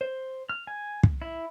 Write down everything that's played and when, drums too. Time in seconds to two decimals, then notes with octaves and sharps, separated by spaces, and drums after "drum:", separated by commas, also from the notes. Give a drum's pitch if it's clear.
0.01 C5
0.49 F6
0.67 G#5
1.03 drum: kick
1.22 E4